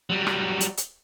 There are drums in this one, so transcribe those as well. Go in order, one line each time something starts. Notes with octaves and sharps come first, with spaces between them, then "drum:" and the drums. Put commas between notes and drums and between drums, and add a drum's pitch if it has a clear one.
F#3 G3
drum: rim click
drum: hi-hat
drum: hi-hat